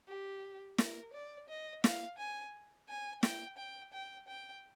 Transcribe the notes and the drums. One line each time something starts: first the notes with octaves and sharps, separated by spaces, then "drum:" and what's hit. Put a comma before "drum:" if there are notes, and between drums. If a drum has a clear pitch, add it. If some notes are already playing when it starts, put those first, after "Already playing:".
G4
A#4, drum: snare
D5
D#5
F5, drum: snare
G#5
G#5
G5, drum: snare
G5
G5
G5